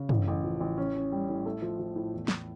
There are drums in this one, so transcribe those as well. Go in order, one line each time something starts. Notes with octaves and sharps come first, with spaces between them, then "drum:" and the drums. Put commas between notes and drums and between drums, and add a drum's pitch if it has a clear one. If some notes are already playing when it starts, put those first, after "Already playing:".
Already playing: C#3
A1, drum: tom
A1
F3
A1
C#4
C#4
G3
A2
A3
F3
F3
A2
E2
drum: snare